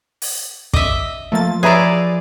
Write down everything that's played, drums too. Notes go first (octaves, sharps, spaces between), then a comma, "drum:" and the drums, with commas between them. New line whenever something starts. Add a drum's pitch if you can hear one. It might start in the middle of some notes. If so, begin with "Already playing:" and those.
drum: open hi-hat
D#5 E5 D6, drum: kick
F3 A3 A#3 A6
G#4 B4 C#5 D5 E5 A#5